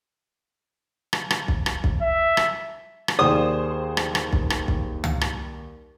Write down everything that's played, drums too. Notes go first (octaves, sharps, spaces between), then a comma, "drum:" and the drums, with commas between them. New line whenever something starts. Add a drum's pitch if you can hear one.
drum: rim click
drum: rim click
drum: kick
drum: rim click
drum: kick
E5
drum: rim click
drum: rim click
D#2 G#4 C5 D5 D#6
drum: rim click
drum: rim click
drum: kick
drum: rim click
drum: kick
drum: tom
drum: rim click